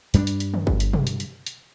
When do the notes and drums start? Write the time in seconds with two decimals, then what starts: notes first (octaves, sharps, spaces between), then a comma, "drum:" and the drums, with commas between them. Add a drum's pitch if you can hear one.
0.14 G2 G3 B3 D4, drum: hi-hat
0.27 drum: hi-hat
0.40 drum: hi-hat
0.54 drum: tom D3
0.67 drum: kick G1
0.80 drum: hi-hat
0.93 drum: tom
1.07 drum: hi-hat
1.20 drum: hi-hat
1.46 drum: hi-hat